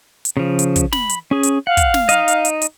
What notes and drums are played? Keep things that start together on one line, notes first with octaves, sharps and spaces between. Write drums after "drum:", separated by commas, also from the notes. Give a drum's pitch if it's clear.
drum: hi-hat
C#3 F3
drum: hi-hat
drum: kick, hi-hat
B5, drum: snare
drum: hi-hat
C#4 G#4
drum: hi-hat
F5 F#5
drum: kick, hi-hat
drum: snare
D#4 D#5, drum: hi-hat
drum: hi-hat
drum: hi-hat
drum: hi-hat